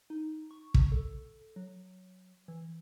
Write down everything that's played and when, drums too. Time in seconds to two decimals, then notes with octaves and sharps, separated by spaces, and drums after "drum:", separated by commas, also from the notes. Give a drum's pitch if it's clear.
0.10 D#4
0.51 C#6
0.74 drum: kick
0.92 A4
1.56 F#3
2.48 E3